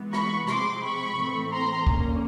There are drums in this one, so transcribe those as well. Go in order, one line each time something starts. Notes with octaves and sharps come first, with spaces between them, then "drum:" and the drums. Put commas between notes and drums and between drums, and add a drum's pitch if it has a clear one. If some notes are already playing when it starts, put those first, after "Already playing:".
Already playing: E3 G#3 B3
B5 C#6, drum: rim click
C3 F3 G#3 C4 C6 D6, drum: rim click
B5 C#6
A2 E3 A3 C4
A#5 C6
D3 F3 A#3 C#4, drum: kick